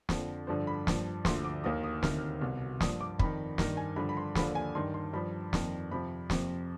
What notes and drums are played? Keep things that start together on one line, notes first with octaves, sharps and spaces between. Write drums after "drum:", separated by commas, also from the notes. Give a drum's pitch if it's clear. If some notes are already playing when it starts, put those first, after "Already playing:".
F2 D3 F3, drum: snare
G2 D3 F3 C5
B5
G2 F3, drum: snare
D2 D3 F3 C6, drum: snare
D6
D#2 D#3 D#6
D#6
D2 C3 D#3 F6, drum: snare
C2 B2
G2 F3 D#6, drum: snare
D6
F2 D#3 B5, drum: kick
G2 D#3, drum: snare
G#5
G2 D3 F3 B5
B5
C6
D#2 D3 F3 B5, drum: snare
G#5
G2 D#3 C6
C6
G2 F3 B5
F2 D#3, drum: snare
F2 C3 F3 B5
F2 C3 F3, drum: snare